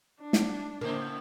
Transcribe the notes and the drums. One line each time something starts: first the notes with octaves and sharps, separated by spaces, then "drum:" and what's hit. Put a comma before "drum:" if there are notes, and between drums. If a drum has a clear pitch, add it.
D4
drum: snare
A2 C#3 A#3 C5